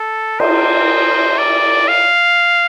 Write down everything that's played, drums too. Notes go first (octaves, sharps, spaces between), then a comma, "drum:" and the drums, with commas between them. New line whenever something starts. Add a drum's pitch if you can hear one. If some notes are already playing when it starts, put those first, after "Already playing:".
Already playing: A4
C5, drum: cymbal
D5
F5